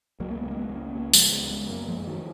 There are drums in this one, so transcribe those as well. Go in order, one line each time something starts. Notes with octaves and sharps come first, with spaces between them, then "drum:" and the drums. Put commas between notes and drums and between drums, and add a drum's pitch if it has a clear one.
C#2 F#3 A#3
A#3
G#3 B3
C#3
A#3
G#3 B3
C#2
A#3 C#4
C#3
F3 G#3, drum: tambourine
C#2
G#3 B3
C#3
G#3 B3
F#2 F#3 A#3
F3 G#3
F#2
D#3 F#3